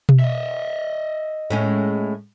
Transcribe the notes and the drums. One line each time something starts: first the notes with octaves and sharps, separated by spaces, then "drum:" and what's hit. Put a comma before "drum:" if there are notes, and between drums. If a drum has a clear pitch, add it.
drum: tom B2
D#5 E5
A2 G#3 C#4